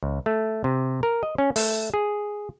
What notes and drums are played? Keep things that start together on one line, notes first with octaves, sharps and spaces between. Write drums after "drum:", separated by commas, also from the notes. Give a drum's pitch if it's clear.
C#2
A3
C3
A#4
D#5
C#4
A3, drum: open hi-hat
G#4